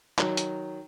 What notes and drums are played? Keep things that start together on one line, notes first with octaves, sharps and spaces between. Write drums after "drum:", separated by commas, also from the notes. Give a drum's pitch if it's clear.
D#3 F#3, drum: clap
drum: hi-hat